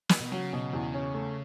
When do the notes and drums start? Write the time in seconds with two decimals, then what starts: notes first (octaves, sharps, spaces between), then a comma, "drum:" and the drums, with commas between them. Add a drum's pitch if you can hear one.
0.09 drum: snare
0.20 B2
0.32 C#3 F#3
0.53 B2
0.73 E2
0.94 C#4
1.14 A3